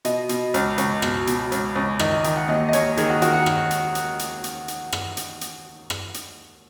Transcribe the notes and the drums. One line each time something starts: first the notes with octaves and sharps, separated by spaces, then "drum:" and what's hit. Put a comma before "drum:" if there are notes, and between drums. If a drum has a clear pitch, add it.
B2 D#5, drum: hi-hat
B2, drum: hi-hat
C#2, drum: hi-hat
C#2, drum: hi-hat
B2, drum: rim click
B2, drum: hi-hat
C#2, drum: hi-hat
C#2
D#3 D#5, drum: rim click
D#5
D#3 D#5, drum: hi-hat
F#5
D#2 D#5
D#5
D#2 C#5, drum: hi-hat
D#3 G#4, drum: hi-hat
F#4
D#3 F#4, drum: hi-hat
F#5
drum: rim click
drum: hi-hat
drum: hi-hat
drum: hi-hat
drum: hi-hat
drum: hi-hat
drum: rim click
drum: hi-hat
drum: hi-hat
drum: rim click
drum: hi-hat